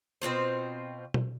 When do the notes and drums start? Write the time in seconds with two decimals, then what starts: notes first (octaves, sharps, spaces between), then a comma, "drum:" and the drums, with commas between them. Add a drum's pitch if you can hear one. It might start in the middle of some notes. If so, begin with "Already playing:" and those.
0.22 B2 C4 F4 C5
1.14 drum: tom B2